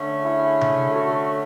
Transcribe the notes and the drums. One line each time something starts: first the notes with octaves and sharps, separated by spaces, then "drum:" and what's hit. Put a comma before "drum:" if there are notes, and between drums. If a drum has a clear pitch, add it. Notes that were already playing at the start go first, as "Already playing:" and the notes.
Already playing: D3 A3 C#4
E4 G#4
drum: tom C3
F#4 A4